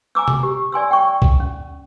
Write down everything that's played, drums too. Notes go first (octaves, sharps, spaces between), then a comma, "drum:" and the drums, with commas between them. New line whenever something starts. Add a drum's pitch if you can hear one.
G#5 A#5 D6 E6
drum: tom C3
G4
D5 G#5 C6 E6
G5 C#6
drum: kick C2
C#4